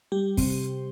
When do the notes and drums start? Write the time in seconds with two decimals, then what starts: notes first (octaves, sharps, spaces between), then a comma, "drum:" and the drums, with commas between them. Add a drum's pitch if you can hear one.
0.12 G3 G4
0.37 C3 C4, drum: kick, open hi-hat